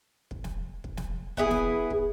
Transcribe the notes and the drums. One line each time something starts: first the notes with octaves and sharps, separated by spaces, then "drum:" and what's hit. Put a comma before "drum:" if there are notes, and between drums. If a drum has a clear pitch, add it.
drum: kick
drum: snare
drum: kick
drum: snare
B3 E4 G4 G#4, drum: kick
drum: snare
drum: kick